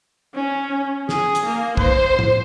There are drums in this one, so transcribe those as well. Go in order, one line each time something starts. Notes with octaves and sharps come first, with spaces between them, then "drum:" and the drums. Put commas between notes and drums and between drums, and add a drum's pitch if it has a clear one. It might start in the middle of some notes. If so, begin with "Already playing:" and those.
C#4
G#4, drum: snare
drum: hi-hat
A#3
C5, drum: kick
drum: tom A2